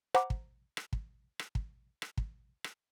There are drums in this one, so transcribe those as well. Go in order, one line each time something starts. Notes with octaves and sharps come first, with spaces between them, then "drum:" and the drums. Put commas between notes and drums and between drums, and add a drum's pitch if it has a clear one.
C5 F#5 A#5 B5 D6, drum: rim click
drum: kick
drum: rim click
drum: kick
drum: rim click
drum: kick
drum: rim click
drum: kick
drum: rim click